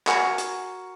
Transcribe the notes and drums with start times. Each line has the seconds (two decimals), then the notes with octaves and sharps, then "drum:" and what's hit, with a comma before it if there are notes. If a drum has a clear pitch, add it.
0.07 F#4 A#4 G#5, drum: clap
0.38 drum: hi-hat